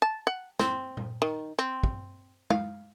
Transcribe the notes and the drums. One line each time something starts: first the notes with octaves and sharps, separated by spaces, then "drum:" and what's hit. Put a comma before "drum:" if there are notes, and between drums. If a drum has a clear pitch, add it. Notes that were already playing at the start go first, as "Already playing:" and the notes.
A5
F#5
C4, drum: snare
drum: tom A#2
D#3
C4
drum: kick
F5, drum: tom G#3